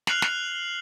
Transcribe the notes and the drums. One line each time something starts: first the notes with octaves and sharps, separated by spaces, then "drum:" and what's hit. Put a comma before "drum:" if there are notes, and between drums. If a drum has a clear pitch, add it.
F6 F#6 C7 F7 F#7, drum: snare
drum: snare